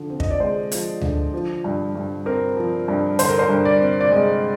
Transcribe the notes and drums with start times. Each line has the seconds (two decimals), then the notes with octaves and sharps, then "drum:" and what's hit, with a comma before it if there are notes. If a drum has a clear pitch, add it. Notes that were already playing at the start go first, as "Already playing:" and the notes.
Already playing: D3 F3
0.10 C4
0.20 D#5, drum: kick
0.30 D5
0.40 G#3 C5
0.72 F3, drum: hi-hat
1.02 D3, drum: tom D2
1.34 F3
1.64 G2
1.95 G2
2.26 C4 A#4
2.56 F3
2.88 G2
3.19 D3 C5, drum: hi-hat
3.29 A#4
3.39 C5
3.49 G2
3.65 D5
3.81 C4
4.00 D5
4.11 G#3 D#5